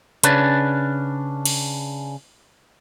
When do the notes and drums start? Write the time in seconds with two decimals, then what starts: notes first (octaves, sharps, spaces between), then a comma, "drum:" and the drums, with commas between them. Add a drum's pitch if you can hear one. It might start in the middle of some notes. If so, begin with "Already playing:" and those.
0.24 C#3 C#4 D4 B4, drum: hi-hat
1.45 drum: cymbal